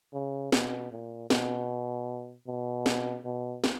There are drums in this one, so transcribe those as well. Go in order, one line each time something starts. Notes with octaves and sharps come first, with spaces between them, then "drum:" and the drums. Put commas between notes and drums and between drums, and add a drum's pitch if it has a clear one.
C#3
B2, drum: snare
A#2
B2, drum: snare
B2
drum: snare
B2
drum: snare